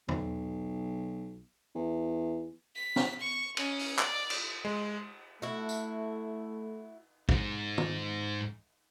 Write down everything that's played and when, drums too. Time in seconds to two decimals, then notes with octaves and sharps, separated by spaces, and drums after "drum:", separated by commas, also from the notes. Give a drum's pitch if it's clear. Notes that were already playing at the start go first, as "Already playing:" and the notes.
0.09 B1, drum: tom
1.75 E2
2.75 B6
2.96 drum: snare
3.20 C#6
3.57 C#4, drum: cymbal
3.79 drum: open hi-hat
3.99 D5, drum: clap
4.30 drum: cymbal
4.65 G#3
5.42 A3 E4 F#4
5.69 drum: tambourine
7.29 G#2 G#3, drum: kick
7.78 drum: tom